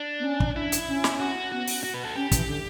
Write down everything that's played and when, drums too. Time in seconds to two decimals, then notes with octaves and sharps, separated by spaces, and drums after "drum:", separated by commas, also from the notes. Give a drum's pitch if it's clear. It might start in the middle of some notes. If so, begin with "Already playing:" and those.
Already playing: D4
0.20 B3
0.24 C#4
0.40 drum: kick
0.56 D4 E4
0.72 drum: hi-hat
0.88 C#4
1.04 drum: snare
1.20 F#4
1.52 B3 F#4
1.68 drum: open hi-hat
1.84 F#4
1.94 B4
2.04 A4
2.16 C#4 G4
2.32 E3, drum: kick, hi-hat
2.47 D3